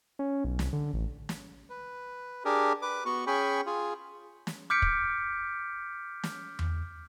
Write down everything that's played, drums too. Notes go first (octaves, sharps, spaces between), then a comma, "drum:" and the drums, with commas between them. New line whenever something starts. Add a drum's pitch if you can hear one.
C#4
B1
C2, drum: snare
D3
A1
drum: snare
B4
D4 G4 G#4 A#4
B4 D6
B3 F#4 C#6
C#4 G#4 G5 B5 C#6
F4 G#4
drum: snare
D6 F6 G6 B6 C#7 D7
drum: kick
drum: snare
drum: tom E2